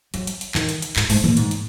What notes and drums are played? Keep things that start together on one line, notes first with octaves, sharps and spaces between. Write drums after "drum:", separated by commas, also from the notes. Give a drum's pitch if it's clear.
F#3, drum: hi-hat
drum: hi-hat
drum: hi-hat
D#3, drum: clap
drum: hi-hat
drum: hi-hat
G#2, drum: clap
G#2, drum: open hi-hat
A#2, drum: tom
G#2, drum: hi-hat
drum: hi-hat